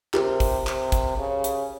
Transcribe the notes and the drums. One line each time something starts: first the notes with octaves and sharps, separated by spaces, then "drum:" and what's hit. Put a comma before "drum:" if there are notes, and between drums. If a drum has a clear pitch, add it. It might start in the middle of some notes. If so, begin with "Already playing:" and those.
C3 G4 A#4, drum: clap
drum: kick, open hi-hat
C3, drum: clap
drum: kick, hi-hat
C#3
drum: hi-hat